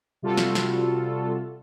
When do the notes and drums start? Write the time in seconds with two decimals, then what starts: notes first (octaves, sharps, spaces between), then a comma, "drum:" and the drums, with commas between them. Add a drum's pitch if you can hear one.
0.22 C3 G3 F4 F#4 A4
0.37 drum: snare
0.55 drum: snare